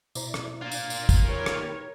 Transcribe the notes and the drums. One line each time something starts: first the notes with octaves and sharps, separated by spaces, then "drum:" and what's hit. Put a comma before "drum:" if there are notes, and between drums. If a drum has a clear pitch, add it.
B2 E4 C5 D5 A#5, drum: tambourine
drum: rim click
A#3 D4 F4
drum: tambourine
drum: tambourine
drum: kick, tambourine
D#3 G4 A#4 B4 C#5
drum: rim click